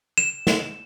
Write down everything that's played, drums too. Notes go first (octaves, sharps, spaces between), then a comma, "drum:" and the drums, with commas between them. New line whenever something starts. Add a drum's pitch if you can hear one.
E7
drum: snare